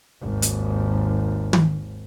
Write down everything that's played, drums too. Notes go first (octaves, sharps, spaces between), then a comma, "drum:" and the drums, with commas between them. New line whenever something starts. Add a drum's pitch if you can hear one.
G#1 D#2
drum: hi-hat
drum: tom